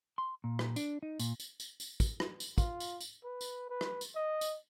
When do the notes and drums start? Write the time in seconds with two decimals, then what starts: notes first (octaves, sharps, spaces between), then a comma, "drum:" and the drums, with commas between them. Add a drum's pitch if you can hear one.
0.18 C6
0.44 A#2
0.59 drum: rim click
0.76 D4, drum: tambourine
1.03 D#4
1.20 A#2, drum: tambourine
1.40 drum: tambourine
1.60 drum: tambourine
1.80 drum: tambourine
2.00 drum: kick, tambourine
2.20 drum: rim click
2.40 drum: tambourine
2.58 F4, drum: kick, tambourine
2.80 drum: tambourine
3.01 drum: tambourine
3.24 B4
3.41 drum: tambourine
3.70 B4
3.81 drum: rim click
4.01 drum: tambourine
4.15 D#5
4.41 drum: tambourine